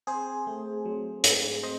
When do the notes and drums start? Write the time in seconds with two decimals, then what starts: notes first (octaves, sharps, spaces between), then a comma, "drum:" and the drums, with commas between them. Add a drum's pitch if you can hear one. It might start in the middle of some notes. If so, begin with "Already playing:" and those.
0.07 C4 G#4 C5
0.47 A3
0.85 F#3
1.24 G#2, drum: hi-hat
1.63 C4 C5 D#5